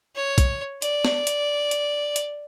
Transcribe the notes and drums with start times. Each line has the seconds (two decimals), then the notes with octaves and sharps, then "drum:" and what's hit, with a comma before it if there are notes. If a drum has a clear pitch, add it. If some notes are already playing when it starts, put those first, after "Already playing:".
0.15 C#5
0.38 drum: kick B1, hi-hat
0.82 D5, drum: hi-hat
1.05 drum: snare
1.27 drum: hi-hat
1.71 drum: hi-hat
2.16 drum: hi-hat